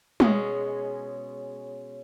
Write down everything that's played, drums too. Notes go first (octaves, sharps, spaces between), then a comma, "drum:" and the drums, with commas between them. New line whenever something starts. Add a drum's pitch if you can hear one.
B2 G#3 C#4 G#4 C#5, drum: tom